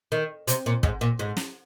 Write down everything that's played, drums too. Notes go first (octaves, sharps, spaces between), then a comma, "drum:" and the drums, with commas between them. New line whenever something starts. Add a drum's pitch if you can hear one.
D#3
C3, drum: hi-hat
A#2
G#2, drum: kick
A#2
G#2
drum: snare